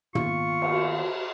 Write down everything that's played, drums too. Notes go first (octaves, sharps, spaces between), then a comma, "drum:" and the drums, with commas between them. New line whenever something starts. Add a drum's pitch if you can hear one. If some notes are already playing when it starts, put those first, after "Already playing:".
D#3 A#3 B3 F4 C#6, drum: tom
drum: cymbal